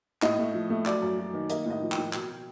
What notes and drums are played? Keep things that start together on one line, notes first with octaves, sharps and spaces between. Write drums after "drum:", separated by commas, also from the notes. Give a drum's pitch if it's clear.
A2 D#5, drum: clap
A3
F3
A3
F#3 D5, drum: clap
F#2
F#3
D#3
A#3 D#5, drum: hi-hat
A2 D#5
F3
G5, drum: clap
A2
B2, drum: clap
B2